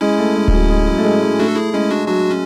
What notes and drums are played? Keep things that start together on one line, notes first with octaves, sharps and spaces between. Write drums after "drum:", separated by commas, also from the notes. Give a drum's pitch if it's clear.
G#3 C#4 E4
A3
G#3
G#3, drum: kick D1
F#3
G#3
F#3
A3
G#3
G#3
A3 D4 F#4
A4
E4 G#4
G#3 C#4 E4
D4 F#4
F#3 D4 F#4
C#4